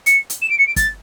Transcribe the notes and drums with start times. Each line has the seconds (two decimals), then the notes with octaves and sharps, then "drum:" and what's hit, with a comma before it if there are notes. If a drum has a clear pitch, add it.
0.06 C#7, drum: hi-hat
0.30 drum: hi-hat
0.42 E7
0.50 D7
0.58 C#7
0.67 D7
0.76 A6, drum: kick, hi-hat